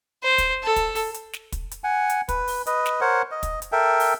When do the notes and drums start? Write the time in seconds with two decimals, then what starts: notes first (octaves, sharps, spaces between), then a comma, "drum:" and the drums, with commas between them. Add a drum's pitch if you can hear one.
0.23 C5
0.38 drum: kick, hi-hat
0.63 A4
0.76 drum: kick, hi-hat
0.95 drum: open hi-hat
1.14 drum: hi-hat
1.33 drum: snare
1.52 drum: kick, hi-hat
1.71 drum: hi-hat
1.84 F#5 G#5
2.10 drum: hi-hat
2.29 B4, drum: kick, hi-hat
2.48 drum: open hi-hat
2.66 B4 D#5, drum: hi-hat
2.86 drum: snare
3.01 A#4 C5 C#5 F#5
3.31 D#5
3.43 drum: kick, hi-hat
3.62 drum: hi-hat
3.72 A4 A#4 E5 G5
4.00 drum: open hi-hat